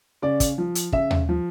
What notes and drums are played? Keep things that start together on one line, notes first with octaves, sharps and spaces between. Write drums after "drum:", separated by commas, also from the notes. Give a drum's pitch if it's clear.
C#3 D5
drum: kick, hi-hat
F3
drum: hi-hat
C#3 E5, drum: kick
drum: tom D#2
F3